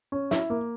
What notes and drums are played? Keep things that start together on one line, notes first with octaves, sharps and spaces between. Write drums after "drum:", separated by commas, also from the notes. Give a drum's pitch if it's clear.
C#4
E4, drum: snare
A#3